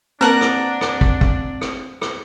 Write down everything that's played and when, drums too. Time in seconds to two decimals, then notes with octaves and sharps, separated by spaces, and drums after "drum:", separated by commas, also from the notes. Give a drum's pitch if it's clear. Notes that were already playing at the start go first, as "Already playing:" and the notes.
0.21 A#3 C4 D4 A#4 B4 F#5 A5 A#5
0.41 drum: rim click
0.81 drum: rim click
1.01 drum: kick
1.21 drum: kick
1.61 drum: rim click
2.01 drum: rim click